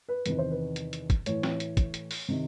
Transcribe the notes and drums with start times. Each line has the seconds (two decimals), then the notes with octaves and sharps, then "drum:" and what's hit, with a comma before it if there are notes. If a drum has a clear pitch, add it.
0.09 B4
0.26 E2 C3 D#3 B4, drum: hi-hat
0.38 C5
0.51 B4
0.76 drum: hi-hat
0.93 drum: hi-hat
1.10 drum: kick, hi-hat
1.26 A2 E3 C#5, drum: hi-hat
1.43 drum: snare
1.60 drum: hi-hat
1.77 drum: kick, hi-hat
1.94 drum: hi-hat
2.11 drum: open hi-hat
2.28 C3 D#3